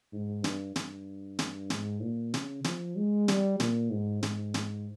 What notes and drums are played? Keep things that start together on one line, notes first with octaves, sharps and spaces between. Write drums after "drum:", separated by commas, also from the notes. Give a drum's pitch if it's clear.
G#2
G2, drum: snare
G2, drum: snare
drum: snare
G#2, drum: snare
A#2
C#3, drum: snare
F3, drum: snare
G#3
G3, drum: snare
A#2, drum: snare
G#2
G#2, drum: snare
drum: snare